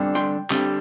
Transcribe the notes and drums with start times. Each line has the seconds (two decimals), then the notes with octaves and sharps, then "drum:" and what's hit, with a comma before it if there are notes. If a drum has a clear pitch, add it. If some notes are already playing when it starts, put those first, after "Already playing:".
Already playing: D3 G3 C4
0.15 G5 C6
0.50 D3 G3 C4, drum: clap